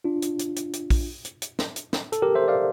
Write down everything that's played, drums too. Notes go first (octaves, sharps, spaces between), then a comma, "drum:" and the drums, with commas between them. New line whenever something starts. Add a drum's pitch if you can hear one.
D4 F4
drum: hi-hat
drum: hi-hat
drum: hi-hat
drum: hi-hat
drum: kick, open hi-hat
drum: hi-hat
drum: hi-hat
drum: snare
drum: hi-hat
drum: snare
A4, drum: hi-hat
G4 A#4
C5 E5
D5 F5